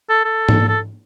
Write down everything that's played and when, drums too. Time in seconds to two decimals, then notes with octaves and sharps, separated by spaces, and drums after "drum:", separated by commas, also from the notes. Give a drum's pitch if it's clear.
0.09 A4
0.24 A4
0.49 drum: tom G#2
0.69 A4